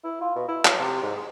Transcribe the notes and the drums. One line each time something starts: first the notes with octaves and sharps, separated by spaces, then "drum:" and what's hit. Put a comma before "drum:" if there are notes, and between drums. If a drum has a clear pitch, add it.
E4
F4
B2
E4
F#3, drum: clap
C3
G#2
G#3